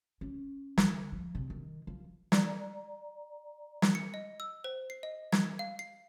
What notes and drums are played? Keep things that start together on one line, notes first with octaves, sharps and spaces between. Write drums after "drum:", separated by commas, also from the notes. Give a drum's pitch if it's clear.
C#4
D3, drum: snare
F3
C3
D#3
F3
D5 A#5, drum: snare
drum: snare
C#7
D#5
E6
C5
C7
D#5
G#6, drum: snare
F5
C7